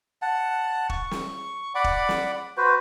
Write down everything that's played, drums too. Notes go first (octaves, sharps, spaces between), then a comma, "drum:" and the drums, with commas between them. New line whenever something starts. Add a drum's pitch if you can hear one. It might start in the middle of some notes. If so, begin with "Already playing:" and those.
F#5 A5
C#6, drum: kick
drum: snare
D5 F#5 B5 D6
drum: kick
drum: snare
F#4 B4 C5